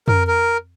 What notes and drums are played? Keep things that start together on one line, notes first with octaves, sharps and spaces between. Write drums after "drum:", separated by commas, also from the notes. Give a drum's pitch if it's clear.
A#4, drum: tom
A#4